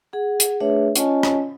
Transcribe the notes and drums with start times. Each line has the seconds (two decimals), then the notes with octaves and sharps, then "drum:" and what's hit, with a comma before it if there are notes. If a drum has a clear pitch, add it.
0.13 G#4 F#5
0.40 drum: hi-hat
0.60 A3 D4 G#4 B4 C#5 E5
0.96 C#4 F4 C#5 D#5 G#5 A5, drum: hi-hat
1.23 drum: rim click